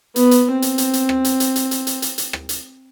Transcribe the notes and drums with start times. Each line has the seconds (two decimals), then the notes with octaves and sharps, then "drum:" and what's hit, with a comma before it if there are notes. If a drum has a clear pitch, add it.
0.16 B3, drum: hi-hat
0.31 drum: hi-hat
0.52 C4
0.62 drum: hi-hat
0.78 drum: hi-hat
0.93 drum: hi-hat
1.09 drum: rim click
1.25 drum: hi-hat
1.40 drum: hi-hat
1.56 drum: hi-hat
1.71 drum: hi-hat
1.87 drum: hi-hat
2.02 drum: hi-hat
2.18 drum: hi-hat
2.33 drum: rim click
2.49 drum: hi-hat